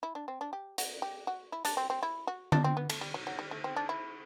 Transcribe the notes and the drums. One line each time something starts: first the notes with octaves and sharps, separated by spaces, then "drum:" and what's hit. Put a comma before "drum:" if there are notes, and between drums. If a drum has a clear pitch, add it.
E4
D4
C4
D4
G4
F#4, drum: hi-hat
G4
F#4
E4
D4, drum: hi-hat
C4
C4
E4
F#4
D4, drum: tom D3
C4
B3
A3, drum: cymbal
G3
F#3
F#3
G3
A3
C4
D4
E4